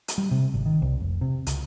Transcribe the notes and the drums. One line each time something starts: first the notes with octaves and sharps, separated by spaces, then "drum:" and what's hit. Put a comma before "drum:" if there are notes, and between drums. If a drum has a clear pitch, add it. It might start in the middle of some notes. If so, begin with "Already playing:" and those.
drum: hi-hat
G3
C3
G#1
D#3
C2
F1
C3
C#2, drum: hi-hat